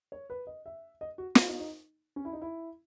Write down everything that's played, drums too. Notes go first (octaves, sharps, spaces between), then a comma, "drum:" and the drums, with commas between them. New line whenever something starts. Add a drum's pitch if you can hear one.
C#5
B4
D#5
E5
D#5
F#4
E4, drum: snare
D#4
D#4
C#4
E4
D#4
E4